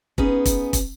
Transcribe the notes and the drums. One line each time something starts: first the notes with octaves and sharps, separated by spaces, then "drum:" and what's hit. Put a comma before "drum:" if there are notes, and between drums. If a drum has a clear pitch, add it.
B3 C#4 D#4 G#4, drum: kick
drum: kick, hi-hat
drum: kick, hi-hat